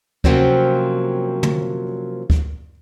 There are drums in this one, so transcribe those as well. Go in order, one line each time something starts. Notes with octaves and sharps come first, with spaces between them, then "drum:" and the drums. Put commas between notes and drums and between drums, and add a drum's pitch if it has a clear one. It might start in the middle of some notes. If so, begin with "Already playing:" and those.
C3 F3 F#3 A#3 C4 C#4, drum: kick D2
drum: tom
drum: kick D2